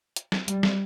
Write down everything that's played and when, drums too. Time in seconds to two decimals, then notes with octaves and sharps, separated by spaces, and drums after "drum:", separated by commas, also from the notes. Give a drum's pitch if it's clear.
0.16 drum: hi-hat
0.32 drum: snare
0.48 G3, drum: hi-hat
0.63 drum: snare